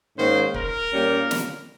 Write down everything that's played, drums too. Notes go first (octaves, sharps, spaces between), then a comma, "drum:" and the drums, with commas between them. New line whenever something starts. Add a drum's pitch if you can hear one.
G#2 D#3 A#3 C#4 C5
A#4, drum: kick
A#2 G3 A#3 C#4
drum: snare